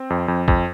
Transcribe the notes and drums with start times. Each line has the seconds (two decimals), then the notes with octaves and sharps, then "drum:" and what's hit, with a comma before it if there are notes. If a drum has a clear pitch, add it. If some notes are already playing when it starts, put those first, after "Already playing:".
Already playing: C4
0.10 F2
0.28 F2
0.48 F2, drum: kick